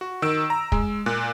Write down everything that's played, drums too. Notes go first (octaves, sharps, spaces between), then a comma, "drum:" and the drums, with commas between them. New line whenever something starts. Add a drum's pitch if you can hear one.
F#4
D#3 E6 D7
A#5
G#3, drum: kick
A#2 F#6